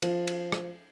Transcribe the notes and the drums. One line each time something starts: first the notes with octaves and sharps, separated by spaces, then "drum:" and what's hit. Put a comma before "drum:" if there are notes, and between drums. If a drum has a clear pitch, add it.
F3, drum: cymbal
drum: cymbal
drum: rim click